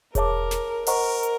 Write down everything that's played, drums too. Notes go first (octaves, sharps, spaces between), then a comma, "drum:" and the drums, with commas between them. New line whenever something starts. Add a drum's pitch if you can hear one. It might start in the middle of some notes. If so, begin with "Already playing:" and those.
G#4 A#4 C#5 E5 A5 D6, drum: kick E1, hi-hat
drum: snare
A#4 C5 D#5 F#5 A#5 C#6, drum: open hi-hat
drum: hi-hat